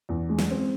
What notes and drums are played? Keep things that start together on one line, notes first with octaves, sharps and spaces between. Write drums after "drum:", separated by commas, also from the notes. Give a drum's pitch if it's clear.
E2
G#3
drum: snare
C4